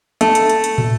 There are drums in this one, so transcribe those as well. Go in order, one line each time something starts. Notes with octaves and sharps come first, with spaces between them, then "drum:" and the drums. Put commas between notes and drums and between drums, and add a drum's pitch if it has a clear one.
A3, drum: hi-hat
drum: hi-hat
drum: hi-hat
drum: hi-hat
drum: tom